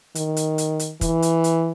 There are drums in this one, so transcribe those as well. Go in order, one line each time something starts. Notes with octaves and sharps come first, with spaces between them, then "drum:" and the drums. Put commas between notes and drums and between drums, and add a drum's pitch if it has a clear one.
D#3, drum: hi-hat
drum: hi-hat
drum: hi-hat
drum: hi-hat
E3, drum: kick, hi-hat
drum: hi-hat
drum: hi-hat